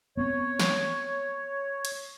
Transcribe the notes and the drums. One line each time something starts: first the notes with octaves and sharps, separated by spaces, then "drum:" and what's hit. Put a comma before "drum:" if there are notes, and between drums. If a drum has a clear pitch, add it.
B3 C4 C#5
drum: snare
drum: cymbal